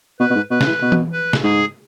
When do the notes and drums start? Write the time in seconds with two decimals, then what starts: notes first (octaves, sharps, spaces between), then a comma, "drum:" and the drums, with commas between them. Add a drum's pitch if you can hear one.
0.20 B2 B4
0.30 B2
0.35 G#2
0.50 B2 B4
0.61 C#3, drum: snare
0.66 E3
0.82 B2
0.92 drum: tom E3
1.12 B4
1.33 drum: snare
1.43 G#2 G#4